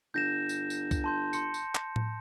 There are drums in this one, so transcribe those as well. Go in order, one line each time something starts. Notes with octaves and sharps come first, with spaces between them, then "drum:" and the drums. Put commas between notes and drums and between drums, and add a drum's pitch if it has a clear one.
G1 G6 A#6 E7
drum: tambourine
drum: tambourine
drum: kick C2, tambourine
A5 C6 G6
C6 C#7, drum: tambourine
drum: tambourine
drum: clap
drum: tom A2